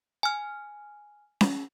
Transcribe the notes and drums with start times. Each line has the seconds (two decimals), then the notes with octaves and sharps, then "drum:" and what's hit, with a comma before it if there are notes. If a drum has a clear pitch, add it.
0.23 G#5 F6
1.41 drum: snare C#4